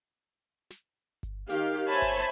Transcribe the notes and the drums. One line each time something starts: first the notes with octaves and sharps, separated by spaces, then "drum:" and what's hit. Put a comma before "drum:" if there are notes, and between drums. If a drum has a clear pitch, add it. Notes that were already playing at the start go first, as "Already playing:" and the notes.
drum: snare
drum: kick G1, hi-hat
D#3 G4 F5, drum: snare
drum: hi-hat
C5 C#5 E5 G#5 A5 B5
drum: kick G1